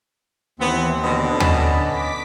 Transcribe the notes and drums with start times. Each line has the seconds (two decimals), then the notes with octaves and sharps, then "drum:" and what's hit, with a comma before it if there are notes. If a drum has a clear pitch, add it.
0.60 D#2 E3 B3 C4
1.03 B2 D3 B3 D4 D#5
1.40 C#4 D#5 A5 B5, drum: tom D#2
1.81 D6 B6